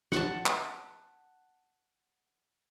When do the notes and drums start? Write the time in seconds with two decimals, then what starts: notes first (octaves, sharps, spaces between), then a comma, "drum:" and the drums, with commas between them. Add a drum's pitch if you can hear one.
0.12 F#5 A5, drum: snare
0.46 drum: clap